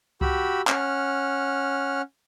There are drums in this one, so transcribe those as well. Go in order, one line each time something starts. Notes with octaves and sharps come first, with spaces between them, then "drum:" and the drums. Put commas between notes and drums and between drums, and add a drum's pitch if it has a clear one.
F#4 G4 B5 E6, drum: kick C2
C#4 F#5 F6, drum: clap